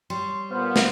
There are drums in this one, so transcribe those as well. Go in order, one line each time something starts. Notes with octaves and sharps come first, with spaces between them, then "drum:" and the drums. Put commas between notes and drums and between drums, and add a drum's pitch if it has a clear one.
G3 C#5 C6
A#2 B3 C5 F5
drum: snare